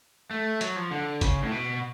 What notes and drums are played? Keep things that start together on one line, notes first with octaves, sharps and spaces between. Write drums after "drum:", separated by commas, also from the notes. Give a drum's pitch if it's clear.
A3
F#3, drum: hi-hat
F3
D3
C#3, drum: kick, hi-hat
A2
B2